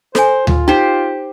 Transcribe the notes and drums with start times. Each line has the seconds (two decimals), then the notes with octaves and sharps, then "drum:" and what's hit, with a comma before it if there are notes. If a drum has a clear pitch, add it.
0.15 A4 C5 G#5, drum: snare
0.47 F4, drum: tom D2
0.68 D#4 G4 C5